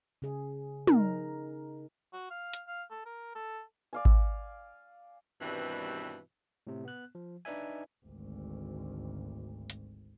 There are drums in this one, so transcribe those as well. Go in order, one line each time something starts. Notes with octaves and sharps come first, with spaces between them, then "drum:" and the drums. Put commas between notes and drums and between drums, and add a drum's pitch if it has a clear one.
C#3 G#4
D#4 A#4, drum: tom
F#4
F5
drum: hi-hat
F5
A4
A#4
A4
D5 F5 G#5
drum: kick G#1
G2 B2 D#3 E3 G3 C4
A2 C3
B3 F#6
F3
D4 D#4 B4 D5 E5 G#5
G#1 D2
drum: hi-hat